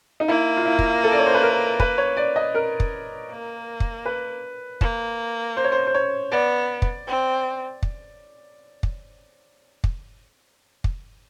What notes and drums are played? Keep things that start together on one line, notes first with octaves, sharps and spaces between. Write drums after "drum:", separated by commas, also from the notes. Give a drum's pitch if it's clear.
D#4
A#3 E4
F4
E4
drum: kick
A4
D5
C#5
C5
B4
A#4
B4, drum: kick
C#5
D5
D#5
A#4
drum: kick
A#3
drum: kick
B4
A#3, drum: kick
C5
C#5
C5
C5
C#5
B3 D5
drum: kick
C4
drum: kick
drum: kick
drum: kick
drum: kick